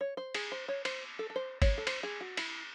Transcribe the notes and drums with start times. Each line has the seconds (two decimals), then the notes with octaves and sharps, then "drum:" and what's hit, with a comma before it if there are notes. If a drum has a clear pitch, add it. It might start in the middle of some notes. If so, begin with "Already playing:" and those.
0.01 C#5
0.17 C5
0.34 G#4, drum: cymbal
0.52 C5
0.68 C#5
0.85 C5, drum: cymbal
1.19 A4
1.30 A4
1.36 C5
1.62 C#5, drum: kick, cymbal
1.78 A4
1.87 C5, drum: cymbal
2.03 G#4
2.21 F#4
2.37 E4, drum: cymbal